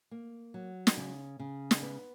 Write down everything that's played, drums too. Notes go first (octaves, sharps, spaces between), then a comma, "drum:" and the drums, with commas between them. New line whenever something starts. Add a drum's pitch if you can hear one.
A#3
F#3
drum: snare
C#3
C#3
drum: snare
B3